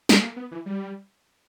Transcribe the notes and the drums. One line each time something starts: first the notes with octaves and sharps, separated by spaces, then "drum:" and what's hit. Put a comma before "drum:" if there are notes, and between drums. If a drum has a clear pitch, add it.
drum: snare
A#3
B3
E3
G3